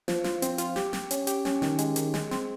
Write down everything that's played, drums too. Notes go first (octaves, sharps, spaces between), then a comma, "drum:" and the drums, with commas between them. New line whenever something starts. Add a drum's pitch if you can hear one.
F3, drum: snare
F4, drum: snare
C4, drum: hi-hat
F4, drum: hi-hat
G4, drum: snare
G4, drum: snare
C#4, drum: hi-hat
G4, drum: hi-hat
C#4, drum: snare
D#3, drum: snare
G#3, drum: hi-hat
D#3, drum: hi-hat
G#3, drum: snare
C4, drum: snare